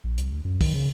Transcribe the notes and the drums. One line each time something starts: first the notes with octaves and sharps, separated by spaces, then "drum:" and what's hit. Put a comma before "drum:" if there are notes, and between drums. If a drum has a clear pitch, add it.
A#1
C2, drum: hi-hat
D2
F#2
D#3, drum: kick, open hi-hat
C#3